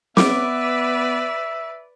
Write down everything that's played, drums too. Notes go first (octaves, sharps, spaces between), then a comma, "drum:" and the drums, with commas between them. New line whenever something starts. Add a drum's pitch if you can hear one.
B3 B4 D5 E5 D6, drum: snare